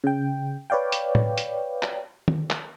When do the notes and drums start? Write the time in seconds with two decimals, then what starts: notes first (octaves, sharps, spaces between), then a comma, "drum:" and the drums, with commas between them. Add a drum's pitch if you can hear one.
0.04 C#3 G5
0.70 B4 C#5 D5 F5 G5
0.92 drum: hi-hat
1.15 drum: tom A2
1.37 drum: hi-hat
1.83 drum: clap
2.28 drum: tom D#3
2.50 drum: clap